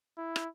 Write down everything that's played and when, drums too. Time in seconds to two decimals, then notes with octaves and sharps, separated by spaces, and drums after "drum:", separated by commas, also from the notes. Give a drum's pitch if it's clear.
0.18 E4
0.36 drum: rim click